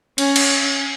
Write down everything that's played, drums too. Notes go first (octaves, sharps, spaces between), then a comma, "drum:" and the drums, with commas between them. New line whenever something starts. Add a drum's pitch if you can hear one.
C#4, drum: cymbal
drum: cymbal